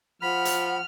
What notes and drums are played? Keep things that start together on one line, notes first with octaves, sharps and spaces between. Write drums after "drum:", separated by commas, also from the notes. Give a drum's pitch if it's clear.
F3 F#5 B5 F6
drum: hi-hat